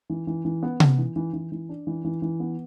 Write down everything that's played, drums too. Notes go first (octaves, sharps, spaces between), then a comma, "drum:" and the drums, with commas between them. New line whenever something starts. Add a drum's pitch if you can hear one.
E3
E3
E3
B3
B3, drum: tom C3
E3
E3
E3
E3
D4
E3
E3
E3
B3